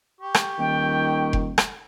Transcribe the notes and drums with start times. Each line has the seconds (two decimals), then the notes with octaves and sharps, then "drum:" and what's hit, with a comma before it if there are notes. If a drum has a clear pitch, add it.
0.21 G4 C#6
0.35 drum: rim click
0.59 D#1 D#3 G5
1.33 drum: kick F1
1.58 drum: rim click